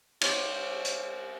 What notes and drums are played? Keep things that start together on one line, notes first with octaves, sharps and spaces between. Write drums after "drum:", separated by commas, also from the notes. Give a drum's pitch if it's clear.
G4 C5 C#5 F5, drum: cymbal
drum: hi-hat